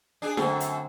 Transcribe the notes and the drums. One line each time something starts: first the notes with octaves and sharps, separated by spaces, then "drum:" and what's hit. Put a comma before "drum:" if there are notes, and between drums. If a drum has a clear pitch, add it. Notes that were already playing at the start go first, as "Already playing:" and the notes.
D4 G#4
F#2 D3 A3 C4, drum: snare D4
drum: hi-hat